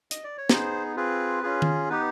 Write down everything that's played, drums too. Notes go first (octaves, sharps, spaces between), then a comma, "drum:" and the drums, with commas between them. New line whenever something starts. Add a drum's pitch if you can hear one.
D#5, drum: hi-hat
D5
C#5
B3 D#4 G#4 C5, drum: snare
C4 F4 G#4 B4
C#4 F4 G#4
drum: tom D#3
B3 D#4 G4 B4